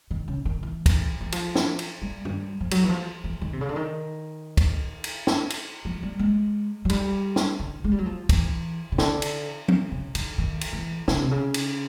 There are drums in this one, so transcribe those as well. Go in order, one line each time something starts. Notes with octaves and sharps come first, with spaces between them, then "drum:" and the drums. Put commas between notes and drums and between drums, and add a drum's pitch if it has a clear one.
D#3
C#3
D#3
E3
drum: kick, cymbal
E3
F3, drum: cymbal
drum: snare
drum: cymbal
G3
drum: tom G2
F3
F#3, drum: cymbal
E3
F3
E3
D#3
C3
C#3
D3
D#3
drum: kick, cymbal
drum: cymbal
drum: snare
drum: cymbal
F3
G3
G#3
F#3
G3, drum: cymbal
drum: snare
D3
G#3
G3
F#3
F3
E3, drum: kick, cymbal
C#3
D3, drum: snare
drum: cymbal
drum: tom F3
C#3
D3, drum: cymbal
D#3
drum: cymbal
E3
C#3, drum: snare
C3
C#3
drum: cymbal